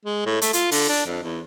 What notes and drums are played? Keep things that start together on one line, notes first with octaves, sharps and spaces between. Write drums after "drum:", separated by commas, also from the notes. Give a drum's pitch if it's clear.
G#3
A2
A3, drum: hi-hat
F4, drum: hi-hat
D3, drum: open hi-hat
D4
F2
E2